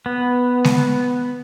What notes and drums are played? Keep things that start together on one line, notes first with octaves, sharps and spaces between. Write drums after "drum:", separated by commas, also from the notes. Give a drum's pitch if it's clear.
B3
drum: snare G#3